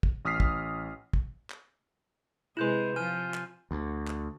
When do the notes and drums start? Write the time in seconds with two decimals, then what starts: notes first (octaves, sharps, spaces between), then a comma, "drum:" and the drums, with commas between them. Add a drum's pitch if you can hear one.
0.03 drum: kick
0.25 A1 D#6 F6 B6 C7
0.40 drum: kick
1.13 drum: kick
1.50 drum: clap
2.57 C3 G#3 E4 G#4 B4 C6 G6 E7
2.96 F3 F4 G#5 F6 G6 D#7
3.34 drum: clap
3.71 D2
4.07 drum: clap